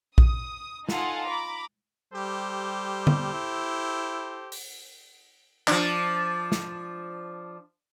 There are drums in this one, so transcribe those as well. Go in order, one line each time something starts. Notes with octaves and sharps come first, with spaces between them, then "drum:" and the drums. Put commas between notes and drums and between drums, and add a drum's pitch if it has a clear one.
D#6, drum: kick A#1
D#4 F4 A4 F#5 G#5, drum: snare
A#5 B5 D6
G3 G4 A4 C5
drum: tom D3
E4
drum: open hi-hat
F3 D4, drum: clap
drum: snare